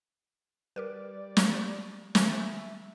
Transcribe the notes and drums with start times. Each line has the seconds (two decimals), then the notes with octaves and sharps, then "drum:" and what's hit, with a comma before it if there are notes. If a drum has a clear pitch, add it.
0.76 G3 G4 A#4 B4 D5
1.37 drum: snare
2.15 D#3 E5 G#5, drum: snare